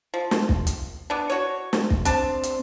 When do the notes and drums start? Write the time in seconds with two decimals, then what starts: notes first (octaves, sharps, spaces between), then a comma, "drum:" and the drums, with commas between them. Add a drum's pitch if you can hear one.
0.14 F3
0.31 drum: snare
0.49 drum: kick
0.67 drum: hi-hat
1.10 B3 D4
1.30 F#4 C#5
1.73 drum: snare
1.90 drum: kick
2.05 C4 D4 A5, drum: hi-hat
2.43 drum: hi-hat